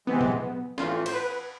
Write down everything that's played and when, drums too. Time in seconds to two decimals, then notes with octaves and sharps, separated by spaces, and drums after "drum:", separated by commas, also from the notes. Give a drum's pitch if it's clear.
0.07 C3 E3 G#3 B3 C4
0.21 drum: tom A#2
0.78 A2 E3 A3 F4, drum: snare
1.06 C5, drum: cymbal
1.13 B4